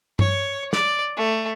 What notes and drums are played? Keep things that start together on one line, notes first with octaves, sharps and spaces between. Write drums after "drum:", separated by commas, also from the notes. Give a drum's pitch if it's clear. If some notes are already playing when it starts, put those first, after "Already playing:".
C#5, drum: tom G2
D5, drum: snare
A3